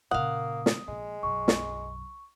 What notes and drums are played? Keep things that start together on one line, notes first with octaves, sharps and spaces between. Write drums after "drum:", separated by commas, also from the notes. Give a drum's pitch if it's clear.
A#2 C#3 A#3 F5 F#5 D#6
drum: snare
A#1 A#2 G#3
B1 F#2 C#6
drum: snare